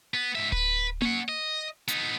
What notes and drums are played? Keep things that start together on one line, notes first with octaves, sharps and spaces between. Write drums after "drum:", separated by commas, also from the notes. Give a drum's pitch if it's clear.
B3
G#2 E5
B4, drum: kick D1
C#4 F#5, drum: tom A#3
D#5
B3 D#4, drum: hi-hat